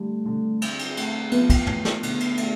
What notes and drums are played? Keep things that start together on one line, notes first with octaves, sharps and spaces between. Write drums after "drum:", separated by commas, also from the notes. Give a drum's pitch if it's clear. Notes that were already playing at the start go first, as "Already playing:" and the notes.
Already playing: D3 G3 A3
D3
C4, drum: cymbal
drum: cymbal
A3, drum: cymbal
F3 B3, drum: cymbal
drum: kick, cymbal
A2, drum: tom
drum: snare
D3, drum: cymbal
drum: cymbal
A3, drum: cymbal